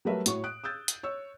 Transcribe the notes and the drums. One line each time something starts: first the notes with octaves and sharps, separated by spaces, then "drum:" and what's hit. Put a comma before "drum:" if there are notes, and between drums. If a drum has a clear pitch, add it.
F#3 G3 A3 A#4 B4 E5
A2 F#4 C#5 C#6, drum: hi-hat
D#6 F#6 D7
D#6 E6 G6 A6
drum: hi-hat
C#5 E6